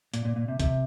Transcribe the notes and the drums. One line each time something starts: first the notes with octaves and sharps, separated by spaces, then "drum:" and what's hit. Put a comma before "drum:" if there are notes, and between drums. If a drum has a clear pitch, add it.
A#2, drum: hi-hat
A#2
A#2
C3
C3, drum: kick, hi-hat